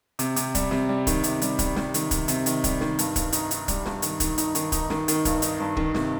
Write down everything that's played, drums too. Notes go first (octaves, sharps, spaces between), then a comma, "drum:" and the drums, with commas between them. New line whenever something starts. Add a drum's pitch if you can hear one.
C3, drum: hi-hat
C3, drum: hi-hat
G3, drum: kick, hi-hat
C3, drum: snare
G3
D#3, drum: kick, hi-hat
C3, drum: hi-hat
G3, drum: hi-hat
G3, drum: kick, hi-hat
G3, drum: snare
D#3, drum: hi-hat
D#3, drum: kick, hi-hat
C3, drum: hi-hat
D#3, drum: hi-hat
G3, drum: kick, hi-hat
D#3, drum: snare
G2, drum: hi-hat
G2, drum: kick, hi-hat
D#4, drum: hi-hat
D#4, drum: hi-hat
G3, drum: kick, hi-hat
G2, drum: snare
D#3, drum: hi-hat
D#3, drum: kick, hi-hat
D#4, drum: hi-hat
D#3, drum: hi-hat
D#4, drum: kick, hi-hat
D#3, drum: snare
D#3, drum: hi-hat
G2, drum: kick, hi-hat
D#4, drum: hi-hat
G2
D#3, drum: kick
C3, drum: snare